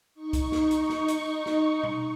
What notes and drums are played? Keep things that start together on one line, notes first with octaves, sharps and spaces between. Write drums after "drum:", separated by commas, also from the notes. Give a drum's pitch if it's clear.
D#4 C#6
drum: kick, hi-hat
drum: snare
drum: hi-hat
drum: snare
drum: hi-hat
drum: snare
drum: tom B2